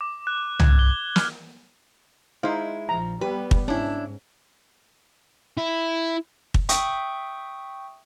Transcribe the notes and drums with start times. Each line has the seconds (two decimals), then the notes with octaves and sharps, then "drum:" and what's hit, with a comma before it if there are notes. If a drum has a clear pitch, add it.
0.01 D6
0.27 F#6
0.60 G#6, drum: tom C2
0.79 G7
1.16 F6, drum: snare
2.43 G#3 D#4 E4 C5 F5
2.89 A#1 F3 A#5
3.21 G3 B3 G4 B4
3.51 drum: kick
3.68 G#2 C#4 D4 E4
5.57 E4
6.54 drum: kick
6.69 E5 G5 C#6 D#6 G6, drum: hi-hat